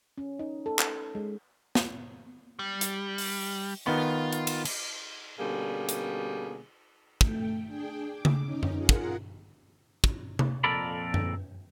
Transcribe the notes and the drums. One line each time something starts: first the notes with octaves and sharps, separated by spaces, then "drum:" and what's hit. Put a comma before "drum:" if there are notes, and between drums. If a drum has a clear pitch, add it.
C#4
D#4
A4
drum: clap
G#3
drum: snare
G3
drum: hi-hat
drum: open hi-hat
D#3 B3 F4
drum: hi-hat
drum: cymbal
drum: cymbal
B2 D3 G3 A#3 C#4 G#4
drum: hi-hat
A3 G5, drum: kick
D4 G#4 G5
D6
drum: tom C#3
C#4 D#4
drum: tom F#2
F4 G#4 A#4 F#5
drum: kick
drum: kick
drum: tom C3
F2 A#2 A4 A#4 D5 B5
drum: tom F#2